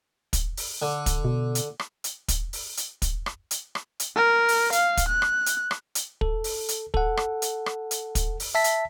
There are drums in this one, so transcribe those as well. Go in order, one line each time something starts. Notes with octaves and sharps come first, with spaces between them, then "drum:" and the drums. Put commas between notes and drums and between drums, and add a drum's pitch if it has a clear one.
drum: kick, hi-hat
drum: open hi-hat
D3
drum: kick, hi-hat
B2
drum: hi-hat
drum: rim click
drum: hi-hat
drum: kick, hi-hat
drum: open hi-hat
drum: hi-hat
drum: kick, hi-hat
drum: rim click
drum: hi-hat
drum: rim click
drum: hi-hat
A#4
drum: open hi-hat
F5, drum: hi-hat
drum: kick, hi-hat
F#6
drum: rim click
drum: hi-hat
drum: rim click
drum: hi-hat
A4, drum: kick
drum: open hi-hat
drum: hi-hat
A4 F#5, drum: kick
drum: rim click
drum: hi-hat
drum: rim click
drum: hi-hat
drum: kick, hi-hat
drum: open hi-hat
E5 A5 B6
drum: hi-hat